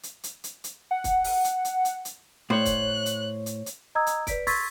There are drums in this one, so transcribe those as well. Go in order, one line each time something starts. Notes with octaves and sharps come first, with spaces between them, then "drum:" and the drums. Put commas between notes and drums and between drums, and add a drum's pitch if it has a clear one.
drum: hi-hat
drum: hi-hat
drum: hi-hat
drum: hi-hat
F#5
drum: kick, hi-hat
drum: open hi-hat
drum: hi-hat
drum: hi-hat
drum: hi-hat
drum: hi-hat
A2 C5 C#5 F#6
drum: kick, hi-hat
drum: hi-hat
drum: hi-hat
drum: hi-hat
D#5 A#5 D#6 E6 G#6
drum: hi-hat
B4 D5 B6 D7, drum: kick, hi-hat
C6 C#6 E6 G#6 A6 B6, drum: open hi-hat